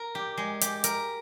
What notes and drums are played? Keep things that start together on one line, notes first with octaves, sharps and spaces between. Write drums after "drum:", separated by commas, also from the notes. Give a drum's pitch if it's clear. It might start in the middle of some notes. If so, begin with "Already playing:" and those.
Already playing: A#4
G4
G#3
G4, drum: hi-hat
A#4, drum: hi-hat